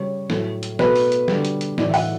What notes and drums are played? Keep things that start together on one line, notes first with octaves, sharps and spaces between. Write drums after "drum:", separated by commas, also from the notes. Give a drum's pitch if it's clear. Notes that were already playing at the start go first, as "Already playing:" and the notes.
Already playing: C#3 G3 C#5
A2 F#3 A3, drum: snare
drum: hi-hat
B2 A3 B4, drum: snare
drum: open hi-hat
drum: hi-hat
D3 G3, drum: snare
drum: hi-hat
drum: hi-hat
A2 E3 A3 D5, drum: snare
E5
F#5, drum: open hi-hat